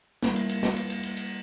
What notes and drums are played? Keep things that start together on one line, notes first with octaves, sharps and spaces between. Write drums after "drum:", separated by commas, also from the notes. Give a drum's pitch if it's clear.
G3 A#3 E4, drum: snare
drum: cymbal
drum: cymbal
drum: snare
drum: cymbal
drum: cymbal
drum: cymbal
drum: cymbal